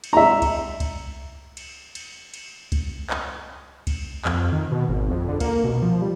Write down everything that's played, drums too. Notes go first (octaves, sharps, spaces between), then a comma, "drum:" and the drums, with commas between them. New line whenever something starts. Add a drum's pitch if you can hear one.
drum: cymbal
E5 A#5
drum: kick C#2, cymbal
drum: kick C#2, cymbal
drum: cymbal
drum: cymbal
drum: cymbal
drum: kick C#2, cymbal
drum: clap
drum: kick C#2, cymbal
F2, drum: clap
D#3
B2
G#1
F2
D3
A#3, drum: kick C#2, cymbal
B2
F3
G3